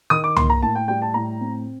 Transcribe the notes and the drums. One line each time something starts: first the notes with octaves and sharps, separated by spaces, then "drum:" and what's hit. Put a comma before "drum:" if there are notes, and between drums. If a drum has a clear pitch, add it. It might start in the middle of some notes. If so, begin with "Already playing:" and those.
D#3 D#6
D6
A#3 C6, drum: tom
A#5
A2 A5
G5
G3 G5
A5
A2 A#5
C4